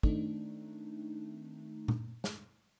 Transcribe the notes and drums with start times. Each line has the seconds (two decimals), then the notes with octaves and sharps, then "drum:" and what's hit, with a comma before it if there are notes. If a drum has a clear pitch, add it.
0.03 D#3 A3 C4 D4 D#4, drum: kick
1.88 drum: tom A#2
2.24 drum: snare